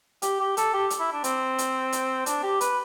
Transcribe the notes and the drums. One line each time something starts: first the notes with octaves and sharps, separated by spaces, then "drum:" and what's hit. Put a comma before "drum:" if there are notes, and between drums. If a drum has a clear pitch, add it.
G4, drum: hi-hat
G4
A4, drum: hi-hat
G4
drum: hi-hat
E4
D4
C4, drum: hi-hat
drum: hi-hat
drum: hi-hat
D4, drum: hi-hat
G4
B4, drum: hi-hat